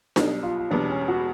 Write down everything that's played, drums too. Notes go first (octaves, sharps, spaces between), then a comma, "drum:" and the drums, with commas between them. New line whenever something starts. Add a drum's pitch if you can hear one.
B1 B2 G3 D#4, drum: snare D4
F4
F4
E1 E2 B2 G3 B3 D4
C#4
F#4